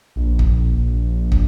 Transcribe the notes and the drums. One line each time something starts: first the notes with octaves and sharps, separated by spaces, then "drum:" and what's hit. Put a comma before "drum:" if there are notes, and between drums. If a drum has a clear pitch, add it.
A#1
drum: kick
drum: kick